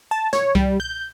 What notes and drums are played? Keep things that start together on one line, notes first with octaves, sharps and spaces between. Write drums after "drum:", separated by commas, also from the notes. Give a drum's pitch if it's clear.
A5
C#5, drum: snare
G3, drum: kick C2
G6